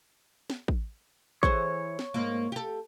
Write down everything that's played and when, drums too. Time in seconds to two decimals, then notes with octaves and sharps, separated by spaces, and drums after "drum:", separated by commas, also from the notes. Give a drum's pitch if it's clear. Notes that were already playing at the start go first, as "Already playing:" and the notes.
0.50 drum: snare
0.68 drum: kick
1.43 E3 G#4 C5 C#5, drum: kick
1.99 drum: snare
2.14 G#2 A#3
2.52 G4 A4